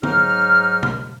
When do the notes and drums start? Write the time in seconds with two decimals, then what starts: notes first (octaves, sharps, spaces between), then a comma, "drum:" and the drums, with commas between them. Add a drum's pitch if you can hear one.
0.03 G#2 F#3 D#4 F6, drum: tom D3
0.83 drum: tom B2